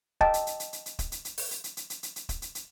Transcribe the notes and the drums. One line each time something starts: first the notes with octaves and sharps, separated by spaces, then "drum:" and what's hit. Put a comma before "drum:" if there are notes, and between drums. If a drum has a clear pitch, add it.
D#5 G5 A5, drum: kick
drum: hi-hat
drum: hi-hat
drum: hi-hat
drum: hi-hat
drum: hi-hat
drum: kick, hi-hat
drum: hi-hat
drum: hi-hat
drum: open hi-hat
drum: hi-hat
drum: hi-hat
drum: hi-hat
drum: hi-hat
drum: hi-hat
drum: hi-hat
drum: kick, hi-hat
drum: hi-hat
drum: hi-hat